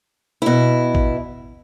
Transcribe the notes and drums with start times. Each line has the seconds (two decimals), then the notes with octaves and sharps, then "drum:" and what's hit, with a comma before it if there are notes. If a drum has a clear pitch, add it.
0.42 B2 E4
0.95 drum: kick